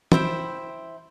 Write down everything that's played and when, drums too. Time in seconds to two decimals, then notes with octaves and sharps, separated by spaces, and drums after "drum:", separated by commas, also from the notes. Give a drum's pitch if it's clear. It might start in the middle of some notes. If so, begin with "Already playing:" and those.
0.12 E4 C5 E5 G5, drum: tom